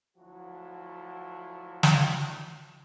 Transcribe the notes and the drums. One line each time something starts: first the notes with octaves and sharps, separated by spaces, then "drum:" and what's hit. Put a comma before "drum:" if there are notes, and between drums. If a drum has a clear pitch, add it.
D2 F3 F#3 E4 F#4
drum: snare